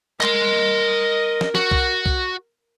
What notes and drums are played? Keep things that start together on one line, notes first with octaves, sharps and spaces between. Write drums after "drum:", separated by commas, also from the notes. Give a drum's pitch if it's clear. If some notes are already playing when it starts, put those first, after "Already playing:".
A#4 D#5 C6, drum: clap
drum: snare
F#4, drum: snare
drum: kick
drum: kick